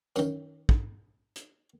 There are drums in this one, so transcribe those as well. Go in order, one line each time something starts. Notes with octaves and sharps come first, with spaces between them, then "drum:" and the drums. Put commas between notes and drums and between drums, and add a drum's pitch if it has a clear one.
F#2 D#3, drum: tambourine
drum: kick
drum: hi-hat